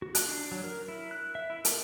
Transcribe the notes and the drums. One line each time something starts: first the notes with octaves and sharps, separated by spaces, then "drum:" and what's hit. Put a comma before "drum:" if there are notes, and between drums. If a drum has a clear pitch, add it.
F#4
F#6, drum: hi-hat
D4
F#3
A#4
E4
F#6
E5
E4
A#4, drum: hi-hat